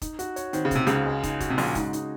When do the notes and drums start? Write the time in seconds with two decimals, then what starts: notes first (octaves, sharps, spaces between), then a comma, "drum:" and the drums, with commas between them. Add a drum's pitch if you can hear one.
0.02 D#4, drum: kick, hi-hat
0.19 F#4, drum: hi-hat
0.36 C#5, drum: hi-hat
0.53 D#3 C4, drum: hi-hat
0.65 C#3
0.71 C3 D#4, drum: kick, hi-hat
0.87 C#2 C#3 F#4, drum: hi-hat
1.06 G#3
1.23 D#4, drum: kick, hi-hat
1.40 F#4, drum: kick, hi-hat
1.50 C3
1.58 A#1 A#2 C#3, drum: open hi-hat
1.75 G#2 G#3, drum: kick, hi-hat
1.93 D#4, drum: hi-hat